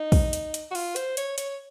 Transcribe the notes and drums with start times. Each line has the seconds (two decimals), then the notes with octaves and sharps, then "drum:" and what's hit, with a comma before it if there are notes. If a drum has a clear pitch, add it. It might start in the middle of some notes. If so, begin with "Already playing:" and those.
Already playing: D#4
0.12 drum: kick, open hi-hat
0.33 drum: hi-hat
0.54 drum: hi-hat
0.71 F#4
0.75 F4, drum: open hi-hat
0.96 C5, drum: hi-hat
1.17 C#5, drum: hi-hat
1.38 C#5, drum: hi-hat